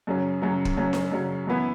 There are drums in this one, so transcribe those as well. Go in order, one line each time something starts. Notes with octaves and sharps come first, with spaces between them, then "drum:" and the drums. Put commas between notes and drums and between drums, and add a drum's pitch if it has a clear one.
F#2 C#3 F#3 C#4
F#2 C#3 F#3 C#4
drum: kick
F#2 C#3 F#3 C#4
drum: snare D4
F#2 C#3 F#3 C#4
F#2 E3 B3 E4